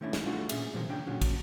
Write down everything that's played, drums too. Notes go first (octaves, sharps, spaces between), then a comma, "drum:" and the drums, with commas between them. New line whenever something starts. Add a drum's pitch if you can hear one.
D#3 A3 C#4 D4 E4
drum: snare
G3 A3 D4 F4 F#4
A#2 C#4 G#4 E5, drum: cymbal
A#2 D3 D#3 F3 F#3 A#3
C#3 D4 G5
A#2 D3 F#3 C#4 F#4
drum: kick, cymbal